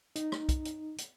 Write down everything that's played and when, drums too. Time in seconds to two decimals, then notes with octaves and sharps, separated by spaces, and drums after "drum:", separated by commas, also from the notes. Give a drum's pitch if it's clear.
0.16 D#4, drum: hi-hat
0.32 drum: rim click
0.49 drum: kick, hi-hat
0.65 drum: hi-hat
0.98 drum: hi-hat